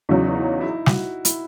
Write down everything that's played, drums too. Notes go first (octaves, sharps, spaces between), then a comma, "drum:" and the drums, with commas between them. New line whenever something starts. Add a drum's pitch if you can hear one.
E2 C#3 F#3 D#4
D#4
E4
F#4, drum: snare
E4, drum: hi-hat